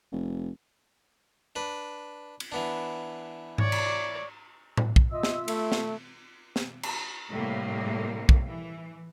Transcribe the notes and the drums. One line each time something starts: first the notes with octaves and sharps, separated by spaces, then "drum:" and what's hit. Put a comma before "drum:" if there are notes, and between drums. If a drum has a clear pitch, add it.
F1
D4 B4
drum: cymbal
E3 B3 D4
C#5 D5, drum: tom G#2
drum: cymbal
drum: tom A2
drum: kick
F4 D#5 E5 E6
drum: snare
A3, drum: cymbal
drum: snare
drum: snare
drum: cymbal
A2 C3 G3 A3 A#3
drum: kick
E3